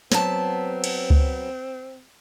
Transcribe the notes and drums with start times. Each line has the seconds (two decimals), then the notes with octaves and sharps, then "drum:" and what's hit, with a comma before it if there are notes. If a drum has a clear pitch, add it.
0.12 F#3 B3 C4 A5, drum: snare
0.84 drum: cymbal
1.10 drum: kick C#2